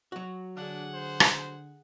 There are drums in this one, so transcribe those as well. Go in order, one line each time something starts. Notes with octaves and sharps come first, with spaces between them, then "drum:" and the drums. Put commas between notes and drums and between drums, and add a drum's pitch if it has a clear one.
F#3 F#4
D3 D4 G#4 F#5
C5
drum: rim click